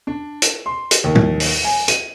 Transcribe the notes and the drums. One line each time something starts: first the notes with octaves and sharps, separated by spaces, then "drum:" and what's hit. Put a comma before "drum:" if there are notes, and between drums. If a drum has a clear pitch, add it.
D4
drum: hi-hat
C6
drum: hi-hat
D#2
drum: tom
drum: open hi-hat
G#5
D#7, drum: hi-hat